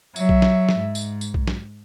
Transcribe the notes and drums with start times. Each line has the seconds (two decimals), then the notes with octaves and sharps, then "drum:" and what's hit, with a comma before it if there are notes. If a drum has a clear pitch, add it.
0.16 F#3 E5, drum: tambourine
0.29 drum: kick B1
0.42 drum: snare
0.69 drum: snare
0.78 G#2
0.95 drum: tambourine
1.21 drum: tambourine
1.34 drum: kick B1
1.47 drum: snare